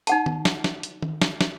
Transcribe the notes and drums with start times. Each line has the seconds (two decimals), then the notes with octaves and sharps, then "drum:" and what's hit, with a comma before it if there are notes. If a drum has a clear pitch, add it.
0.07 D#4 F#5 A5, drum: hi-hat
0.26 drum: tom D#3
0.45 drum: snare
0.64 drum: snare
0.83 drum: hi-hat
1.02 drum: tom D#3
1.22 drum: snare
1.41 drum: snare